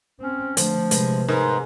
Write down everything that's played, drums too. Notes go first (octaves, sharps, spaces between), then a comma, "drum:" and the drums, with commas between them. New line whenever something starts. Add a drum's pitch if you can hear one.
C4 C#4
D3 F3 A3 C5, drum: hi-hat
C3 G#3 B4, drum: hi-hat
G#2 A#4 B4